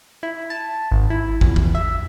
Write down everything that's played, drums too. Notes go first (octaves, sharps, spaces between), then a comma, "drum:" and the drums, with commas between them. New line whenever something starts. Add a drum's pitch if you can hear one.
E4
A5
G#1
E4
E2, drum: kick
drum: kick
E5